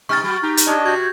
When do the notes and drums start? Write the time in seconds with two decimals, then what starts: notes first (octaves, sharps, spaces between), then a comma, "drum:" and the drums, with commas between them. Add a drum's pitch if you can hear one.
0.09 B2 G3 D#4 C#6 F6 A6
0.24 F#3 F#4
0.43 D#4 G4
0.57 drum: hi-hat
0.67 D4 G4 C#5 D#5
0.85 C3 F#4 G6 G#6